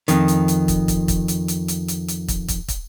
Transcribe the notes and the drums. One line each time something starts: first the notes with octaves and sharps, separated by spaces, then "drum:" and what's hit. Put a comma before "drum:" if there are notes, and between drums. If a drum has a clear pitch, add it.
F2 D#3, drum: hi-hat
drum: hi-hat
drum: hi-hat
drum: kick, hi-hat
drum: kick, hi-hat
drum: kick, hi-hat
drum: hi-hat
drum: hi-hat
drum: hi-hat
drum: hi-hat
drum: hi-hat
drum: kick, hi-hat
drum: kick, hi-hat
drum: kick, hi-hat